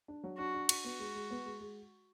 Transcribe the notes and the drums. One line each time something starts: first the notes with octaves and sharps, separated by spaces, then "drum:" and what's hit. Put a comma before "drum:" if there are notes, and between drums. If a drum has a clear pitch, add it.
D4
F#3
D4 F#4
D4
D4, drum: cymbal
B3 F#4
G#3
G#3
B3
G#3
G#3